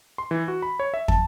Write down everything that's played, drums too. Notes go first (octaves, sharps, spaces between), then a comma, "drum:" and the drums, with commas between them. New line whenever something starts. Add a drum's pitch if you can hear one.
C6
E3
F#4
B5
C#5
E5
A5, drum: kick